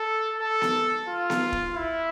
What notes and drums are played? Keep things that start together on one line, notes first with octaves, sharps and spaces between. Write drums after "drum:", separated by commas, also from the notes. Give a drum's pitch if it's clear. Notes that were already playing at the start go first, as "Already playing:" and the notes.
Already playing: A4
A4
drum: snare B3
F4
drum: snare B3
drum: kick
E4